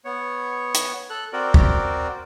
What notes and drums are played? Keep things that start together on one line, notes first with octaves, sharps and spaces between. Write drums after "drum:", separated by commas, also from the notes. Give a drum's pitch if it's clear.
B3 C#5
drum: hi-hat
A4 F#6
C4 F#4 A#4 D5
drum: kick